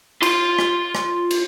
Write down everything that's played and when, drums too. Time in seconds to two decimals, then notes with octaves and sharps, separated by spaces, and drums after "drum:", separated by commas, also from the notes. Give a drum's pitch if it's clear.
0.23 F4 C6, drum: cymbal
0.59 drum: rim click
0.95 drum: rim click
1.31 drum: cymbal